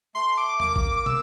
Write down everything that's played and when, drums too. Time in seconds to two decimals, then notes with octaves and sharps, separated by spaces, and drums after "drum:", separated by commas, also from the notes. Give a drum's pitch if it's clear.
0.15 A3 C6
0.38 D6
0.60 A#3 D6, drum: tom E2
0.76 drum: kick
1.06 E6, drum: tom